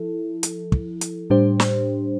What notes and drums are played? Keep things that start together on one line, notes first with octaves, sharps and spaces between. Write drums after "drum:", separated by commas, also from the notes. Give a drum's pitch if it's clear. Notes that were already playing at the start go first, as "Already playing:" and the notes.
Already playing: F3 E4 A4
drum: hi-hat
drum: kick
drum: hi-hat
A2 G3 D4 G4 C5
drum: snare